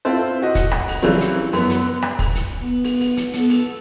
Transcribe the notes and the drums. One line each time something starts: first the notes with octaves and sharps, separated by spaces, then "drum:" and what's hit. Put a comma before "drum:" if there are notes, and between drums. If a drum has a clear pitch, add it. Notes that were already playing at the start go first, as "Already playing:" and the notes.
C4 E4 F4 A4 C5
F#4 D#5
drum: kick, hi-hat
drum: rim click
drum: open hi-hat
C#3 E3 F#3 G3 C4, drum: open hi-hat
drum: hi-hat
F#2 B3, drum: open hi-hat
drum: hi-hat
drum: rim click
drum: kick, open hi-hat
drum: hi-hat
B3
drum: open hi-hat
drum: open hi-hat
drum: hi-hat
B3 A4, drum: hi-hat
drum: open hi-hat